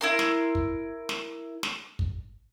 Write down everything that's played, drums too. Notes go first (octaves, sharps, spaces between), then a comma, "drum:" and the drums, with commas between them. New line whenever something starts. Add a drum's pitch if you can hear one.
E4 A#4 C6
drum: snare
drum: kick
drum: snare
drum: snare
drum: kick